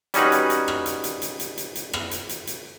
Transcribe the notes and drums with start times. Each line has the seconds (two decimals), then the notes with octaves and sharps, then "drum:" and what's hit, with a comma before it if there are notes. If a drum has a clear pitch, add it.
0.14 G3 C#4 D#4 F#4 B4, drum: hi-hat
0.32 drum: hi-hat
0.50 drum: hi-hat
0.68 drum: rim click
0.86 drum: hi-hat
1.04 drum: hi-hat
1.22 drum: hi-hat
1.40 drum: hi-hat
1.58 drum: hi-hat
1.75 drum: hi-hat
1.93 drum: rim click
2.11 drum: hi-hat
2.29 drum: hi-hat
2.47 drum: hi-hat